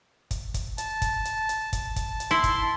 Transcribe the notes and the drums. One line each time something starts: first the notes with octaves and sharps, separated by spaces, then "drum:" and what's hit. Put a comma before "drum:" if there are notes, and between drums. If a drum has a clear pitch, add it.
drum: kick, hi-hat
drum: kick, hi-hat
A5, drum: hi-hat
drum: kick, hi-hat
drum: hi-hat
drum: hi-hat
drum: kick, hi-hat
drum: kick, hi-hat
drum: hi-hat
E4 C6
drum: kick, hi-hat